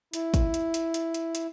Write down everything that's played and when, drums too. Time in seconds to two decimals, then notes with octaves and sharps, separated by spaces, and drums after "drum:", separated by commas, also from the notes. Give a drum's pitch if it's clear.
0.14 E4, drum: hi-hat
0.34 drum: kick, hi-hat
0.54 drum: hi-hat
0.74 drum: hi-hat
0.94 drum: hi-hat
1.14 drum: hi-hat
1.35 drum: hi-hat